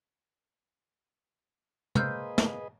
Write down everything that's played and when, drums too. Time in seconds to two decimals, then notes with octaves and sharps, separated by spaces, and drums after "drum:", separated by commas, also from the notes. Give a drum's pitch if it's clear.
1.95 A#3 G#4 B4 C5 D#5 E6 F6 G6, drum: tom
2.38 drum: snare